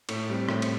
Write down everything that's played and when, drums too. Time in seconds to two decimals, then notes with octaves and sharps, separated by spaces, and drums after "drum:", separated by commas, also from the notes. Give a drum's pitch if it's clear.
0.09 A2, drum: cymbal
0.30 G3 C4
0.49 A2, drum: rim click
0.62 drum: cymbal